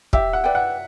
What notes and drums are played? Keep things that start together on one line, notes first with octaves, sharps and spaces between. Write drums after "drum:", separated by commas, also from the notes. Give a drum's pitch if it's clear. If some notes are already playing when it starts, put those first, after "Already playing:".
G4 E5, drum: kick
F#5
B4 D5 G5
F#5